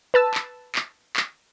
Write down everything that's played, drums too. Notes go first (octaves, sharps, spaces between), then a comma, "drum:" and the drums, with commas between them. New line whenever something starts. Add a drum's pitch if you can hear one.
B4 A5 E6
drum: clap
drum: clap
drum: clap